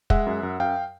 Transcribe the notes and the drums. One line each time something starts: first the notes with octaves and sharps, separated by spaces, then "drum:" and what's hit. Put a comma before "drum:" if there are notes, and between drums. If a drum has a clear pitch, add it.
G#3 E5 F#5, drum: kick
F#2
F#2
F#2 F5 G5